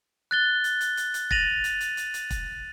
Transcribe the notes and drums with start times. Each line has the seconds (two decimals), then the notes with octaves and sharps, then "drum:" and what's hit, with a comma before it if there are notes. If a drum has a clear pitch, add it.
0.31 F#6 A6 G7
0.64 drum: hi-hat
0.81 drum: hi-hat
0.97 drum: hi-hat
1.14 drum: hi-hat
1.31 A6 A#6 D#7 F7 F#7, drum: kick
1.64 drum: hi-hat
1.81 drum: hi-hat
1.97 drum: hi-hat
2.14 drum: hi-hat
2.30 drum: kick, hi-hat